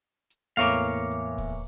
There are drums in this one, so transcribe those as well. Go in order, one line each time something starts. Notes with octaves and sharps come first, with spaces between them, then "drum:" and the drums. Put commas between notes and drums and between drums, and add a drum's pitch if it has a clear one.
drum: hi-hat
E2 A2 E3 A#3 C#5 F5
drum: hi-hat
drum: hi-hat
drum: kick D1, open hi-hat